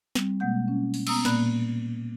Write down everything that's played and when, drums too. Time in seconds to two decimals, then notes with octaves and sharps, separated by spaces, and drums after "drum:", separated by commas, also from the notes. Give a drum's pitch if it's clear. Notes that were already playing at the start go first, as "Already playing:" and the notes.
0.15 G3 C4, drum: snare
0.40 B2 G#3 A#3 F#5 G6
0.68 C#4
0.94 drum: open hi-hat
1.07 B3 A#5 D#6 E6, drum: cymbal
1.25 A#2 A#3 D5 B5 F#6, drum: snare